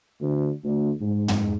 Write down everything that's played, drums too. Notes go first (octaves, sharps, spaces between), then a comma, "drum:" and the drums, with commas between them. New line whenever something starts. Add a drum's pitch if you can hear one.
D2
D2
G#2
drum: tom